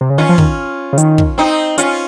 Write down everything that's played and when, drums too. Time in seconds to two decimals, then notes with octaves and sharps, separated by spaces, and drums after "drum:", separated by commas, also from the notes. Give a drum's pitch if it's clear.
0.01 C3
0.10 C#3
0.18 D#3 C#4 F4
0.29 F3
0.38 D#3, drum: kick
0.93 C#3
0.98 D#3, drum: hi-hat
1.18 drum: kick
1.38 C4 D#4
1.78 C#4 F4, drum: hi-hat